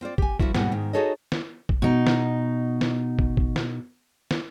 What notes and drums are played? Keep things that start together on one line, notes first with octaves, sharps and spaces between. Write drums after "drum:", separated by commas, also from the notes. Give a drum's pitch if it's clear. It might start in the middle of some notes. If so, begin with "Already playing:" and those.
C4 F4 C5 D5
G4 G#5, drum: kick
F3 G3 A3 E4 F#4, drum: kick
D#2 G#2 B2 G3 F#5, drum: snare
G#2 D#3
D#4 F#4 G#4 A4 C#5 D#5
drum: snare
drum: kick
B2 D#4
drum: snare
drum: snare
drum: kick
drum: kick
drum: snare
drum: snare